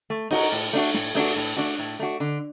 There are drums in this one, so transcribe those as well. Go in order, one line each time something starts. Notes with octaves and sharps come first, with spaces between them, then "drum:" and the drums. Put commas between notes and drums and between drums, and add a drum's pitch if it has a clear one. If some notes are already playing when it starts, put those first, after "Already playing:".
A3
D#4 F#4 A#4, drum: cymbal
A2
A3 D4 F#4
A2, drum: snare
A3 D4 F#4, drum: open hi-hat
A2
A3 D4 F#4
A2
A3 D4 F#4
D3